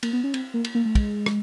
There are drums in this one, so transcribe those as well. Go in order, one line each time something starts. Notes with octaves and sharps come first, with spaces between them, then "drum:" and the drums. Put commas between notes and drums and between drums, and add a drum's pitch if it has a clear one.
A#3, drum: cymbal
B3
C#4
C4, drum: cymbal
A#3
drum: cymbal
A#3
A3
G#3, drum: kick, cymbal
drum: rim click